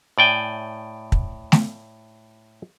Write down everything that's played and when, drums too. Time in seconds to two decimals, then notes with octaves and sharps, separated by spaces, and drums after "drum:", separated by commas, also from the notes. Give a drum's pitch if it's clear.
0.18 A2 D5 G5 G#5
1.12 drum: kick
1.52 drum: snare A3